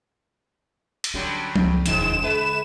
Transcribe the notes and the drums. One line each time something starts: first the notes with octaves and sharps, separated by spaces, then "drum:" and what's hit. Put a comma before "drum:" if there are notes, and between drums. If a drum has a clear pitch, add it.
drum: cymbal
D3 F#3 G3 C#4
C#2 B3, drum: tom F3
E1 D#2 D3 F3 G#3 E7, drum: hi-hat
D3 G#3 B4